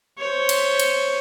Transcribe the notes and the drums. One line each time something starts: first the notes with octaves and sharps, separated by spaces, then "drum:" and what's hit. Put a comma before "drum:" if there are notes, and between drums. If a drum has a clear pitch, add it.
C5 C#5
drum: cymbal
drum: cymbal